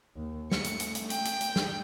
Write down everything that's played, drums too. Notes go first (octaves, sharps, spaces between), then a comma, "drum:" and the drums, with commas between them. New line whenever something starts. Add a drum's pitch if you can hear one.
D#2
A3 C#7, drum: snare
drum: hi-hat
drum: hi-hat
drum: hi-hat
G5, drum: hi-hat
drum: hi-hat
drum: hi-hat
drum: snare